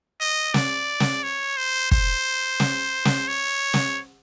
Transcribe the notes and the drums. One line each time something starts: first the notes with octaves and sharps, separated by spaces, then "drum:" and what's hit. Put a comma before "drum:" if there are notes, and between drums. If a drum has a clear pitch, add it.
D#5
D5, drum: snare
drum: snare
C#5
C5
C5, drum: kick
drum: snare
drum: snare
C#5
drum: snare